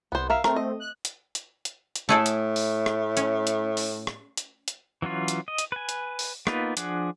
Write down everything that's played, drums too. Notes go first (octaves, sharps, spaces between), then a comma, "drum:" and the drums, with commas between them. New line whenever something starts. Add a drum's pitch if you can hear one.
C2 B3 C5
A#4 E5 F5
A3 C4 A#4, drum: rim click
D#5
F#6
drum: hi-hat
drum: hi-hat
drum: hi-hat
drum: hi-hat
A2 A3 G#4 A4
drum: hi-hat
drum: open hi-hat
drum: rim click
C#4, drum: hi-hat
drum: hi-hat
drum: open hi-hat
drum: rim click
drum: hi-hat
drum: hi-hat
E3 F#3 C#4 F4
drum: hi-hat
D#5
drum: hi-hat
B4 G#5
drum: hi-hat
drum: open hi-hat
A#3 B3 D#4 F4 B4, drum: rim click
F3 D4 G#4 F#5, drum: hi-hat